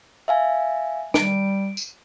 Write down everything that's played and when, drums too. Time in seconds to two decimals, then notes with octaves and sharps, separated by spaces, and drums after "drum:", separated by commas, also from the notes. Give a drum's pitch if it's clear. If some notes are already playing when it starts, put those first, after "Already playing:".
0.28 E5 F5 G#5
1.14 G3 D7, drum: snare
1.77 drum: tambourine